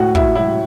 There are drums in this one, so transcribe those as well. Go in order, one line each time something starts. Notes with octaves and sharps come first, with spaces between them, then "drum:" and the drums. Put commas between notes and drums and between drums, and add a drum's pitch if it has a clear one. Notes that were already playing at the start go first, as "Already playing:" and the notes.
Already playing: D2 A2 F#4
E4, drum: kick
F#3 E4